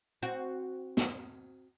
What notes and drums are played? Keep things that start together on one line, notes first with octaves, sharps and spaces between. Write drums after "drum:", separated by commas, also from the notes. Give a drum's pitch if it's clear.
C4 F#4
drum: snare